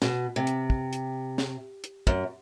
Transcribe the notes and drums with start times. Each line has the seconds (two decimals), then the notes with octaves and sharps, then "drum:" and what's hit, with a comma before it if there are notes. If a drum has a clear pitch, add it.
0.02 B2, drum: snare
0.36 C3
0.47 drum: hi-hat
0.70 drum: kick
0.93 drum: hi-hat
1.38 drum: snare
1.84 drum: hi-hat
2.07 F#2, drum: kick